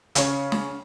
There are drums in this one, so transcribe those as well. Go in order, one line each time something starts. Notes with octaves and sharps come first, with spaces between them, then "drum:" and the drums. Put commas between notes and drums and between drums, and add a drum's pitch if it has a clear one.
C#3 C#4, drum: hi-hat
drum: snare